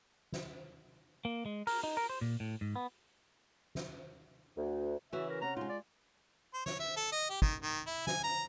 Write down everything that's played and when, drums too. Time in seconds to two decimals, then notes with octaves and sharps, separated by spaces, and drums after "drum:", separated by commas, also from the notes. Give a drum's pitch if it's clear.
0.32 drum: snare
1.25 A#3
1.46 G#3
1.67 A#4, drum: open hi-hat
1.83 D#4
1.97 A#4
2.09 C5
2.21 A#2
2.40 A2
2.61 G#2
2.76 B3
3.75 drum: snare
4.57 D2
5.13 C#3 E3 F#4 E5
5.30 A#4
5.42 C3 C#4 F#5 A#5
5.57 G#3 D#4 F4
5.69 D5
6.54 C5
6.66 C#5, drum: snare
6.80 E5
6.97 A4
7.12 D#5
7.30 G4
7.42 D#3, drum: kick
7.62 D#3
7.87 E4
8.07 G#5, drum: snare
8.24 A#5